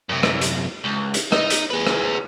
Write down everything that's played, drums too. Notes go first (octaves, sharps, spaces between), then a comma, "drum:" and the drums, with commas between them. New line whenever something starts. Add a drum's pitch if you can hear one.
F#2 C3
drum: rim click
drum: hi-hat
C#2
drum: hi-hat
D#4, drum: rim click
drum: hi-hat
G#4 B4
drum: rim click